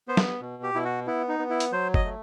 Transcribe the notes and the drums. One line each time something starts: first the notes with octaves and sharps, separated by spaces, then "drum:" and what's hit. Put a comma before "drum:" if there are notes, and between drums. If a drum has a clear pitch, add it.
B3 C5
drum: snare
B2
G4
B2 E4
F#4
B3 E4
D#4
B3
E4
drum: hi-hat
F#3 C5
D#5, drum: kick F#1
A3